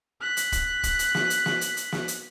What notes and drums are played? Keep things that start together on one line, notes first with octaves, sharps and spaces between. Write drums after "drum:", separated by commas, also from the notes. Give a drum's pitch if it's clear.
F#6 B6
drum: hi-hat
drum: kick, hi-hat
drum: kick, hi-hat
drum: hi-hat
drum: snare
drum: hi-hat
drum: snare
drum: hi-hat
drum: hi-hat
drum: snare
drum: hi-hat